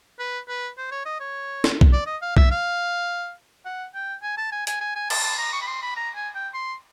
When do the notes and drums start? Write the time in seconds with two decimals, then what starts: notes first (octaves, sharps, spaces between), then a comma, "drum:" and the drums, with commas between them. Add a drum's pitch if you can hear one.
0.19 B4
0.49 B4
0.78 C5
0.92 C#5
1.06 D#5
1.20 C#5
1.64 drum: snare D4
1.81 drum: kick B1
1.93 D5
2.07 D#5
2.22 F5
2.37 E5, drum: kick B1
2.51 F5
3.66 F#5
3.95 G5
4.23 G#5
4.38 A5
4.52 G#5
4.67 G#5, drum: hi-hat
4.81 G#5
4.96 G#5
5.10 A5, drum: cymbal
5.24 A5
5.38 A#5
5.53 C#6
5.62 B5
5.67 C6
5.82 B5
5.96 A#5
6.16 G#5
6.35 G5
6.54 C6